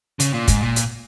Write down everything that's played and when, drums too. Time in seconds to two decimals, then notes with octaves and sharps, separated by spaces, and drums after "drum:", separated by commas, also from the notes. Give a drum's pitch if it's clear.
0.20 C#3, drum: hi-hat
0.34 A#2
0.48 G#2, drum: kick, hi-hat
0.62 A#2
0.76 drum: hi-hat